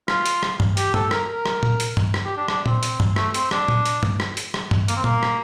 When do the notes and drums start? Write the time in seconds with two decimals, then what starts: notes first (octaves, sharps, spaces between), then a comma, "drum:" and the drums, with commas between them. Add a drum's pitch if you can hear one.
0.08 F4, drum: rim click
0.26 drum: hi-hat
0.43 drum: rim click
0.60 drum: tom
0.77 G4, drum: hi-hat
0.94 A4, drum: tom
1.11 A#4, drum: rim click
1.34 A#4
1.46 drum: rim click
1.63 drum: tom A#2
1.80 drum: hi-hat
1.97 drum: tom
2.14 drum: rim click
2.25 G4
2.37 D4
2.48 D4, drum: rim click
2.66 C4, drum: tom A#2
2.83 drum: hi-hat
3.00 drum: tom
3.16 A3, drum: rim click
3.34 C4, drum: hi-hat
3.51 D4, drum: rim click
3.68 drum: tom A#2
3.86 drum: hi-hat
4.03 drum: tom
4.20 drum: rim click
4.37 drum: hi-hat
4.54 drum: rim click
4.71 drum: tom
4.88 A#3, drum: hi-hat
4.96 C4
5.04 A#3, drum: tom A#2
5.23 drum: rim click